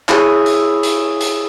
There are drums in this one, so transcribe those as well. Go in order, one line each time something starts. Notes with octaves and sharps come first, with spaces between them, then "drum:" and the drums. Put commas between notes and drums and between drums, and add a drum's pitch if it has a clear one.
E4 G#4 C#5, drum: clap
drum: hi-hat
drum: hi-hat
drum: hi-hat